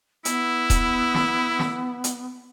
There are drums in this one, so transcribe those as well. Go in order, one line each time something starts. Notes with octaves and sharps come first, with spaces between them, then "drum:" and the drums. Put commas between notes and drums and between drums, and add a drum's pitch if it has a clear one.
B3 E4, drum: hi-hat
drum: kick D#1, hi-hat
drum: snare
drum: snare
drum: hi-hat